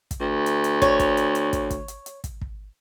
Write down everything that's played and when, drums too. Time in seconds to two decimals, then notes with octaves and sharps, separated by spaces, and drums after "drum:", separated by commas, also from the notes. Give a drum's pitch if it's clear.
0.11 drum: kick, hi-hat
0.20 D2
0.46 drum: hi-hat
0.64 drum: hi-hat
0.82 C#5, drum: kick, hi-hat
0.99 drum: kick, hi-hat
1.17 drum: hi-hat
1.35 drum: hi-hat
1.53 drum: kick, hi-hat
1.70 drum: kick, hi-hat
1.88 drum: hi-hat
2.06 drum: hi-hat
2.24 drum: kick, hi-hat
2.41 drum: kick